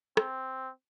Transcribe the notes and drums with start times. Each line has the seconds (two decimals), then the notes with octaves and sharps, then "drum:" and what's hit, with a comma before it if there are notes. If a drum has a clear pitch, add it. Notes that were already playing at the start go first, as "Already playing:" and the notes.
0.17 C4, drum: rim click